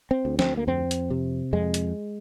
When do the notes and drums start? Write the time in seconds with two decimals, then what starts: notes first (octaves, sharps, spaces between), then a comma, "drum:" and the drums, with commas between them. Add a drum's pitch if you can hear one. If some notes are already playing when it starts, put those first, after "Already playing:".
0.11 C4
0.25 D2
0.39 C4, drum: snare
0.57 A#3
0.67 F2 C4
0.91 drum: hi-hat
1.10 C3
1.53 F2 G#3
1.74 drum: hi-hat